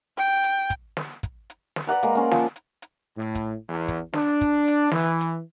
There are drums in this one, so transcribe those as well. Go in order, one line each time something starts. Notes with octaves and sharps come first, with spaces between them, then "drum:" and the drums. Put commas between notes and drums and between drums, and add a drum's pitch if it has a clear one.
G5
drum: hi-hat
drum: kick, hi-hat
drum: snare
drum: kick, hi-hat
drum: hi-hat
drum: snare
B4 D5 F#5 A#5
G#3 A#3, drum: hi-hat
A#3 C#4 C5
F3, drum: snare
drum: hi-hat
drum: hi-hat
A2
drum: kick, hi-hat
E2
drum: kick, hi-hat
D4, drum: snare
drum: kick, hi-hat
drum: hi-hat
E3, drum: snare
drum: hi-hat